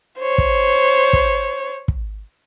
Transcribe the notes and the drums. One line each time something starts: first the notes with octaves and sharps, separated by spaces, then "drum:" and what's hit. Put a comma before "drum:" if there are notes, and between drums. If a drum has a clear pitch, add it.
C5 C#5
drum: kick
drum: kick
drum: kick